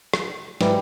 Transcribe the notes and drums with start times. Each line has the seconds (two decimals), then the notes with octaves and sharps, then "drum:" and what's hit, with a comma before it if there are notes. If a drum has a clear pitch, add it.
0.14 drum: rim click
0.61 G#2 E3 G3, drum: snare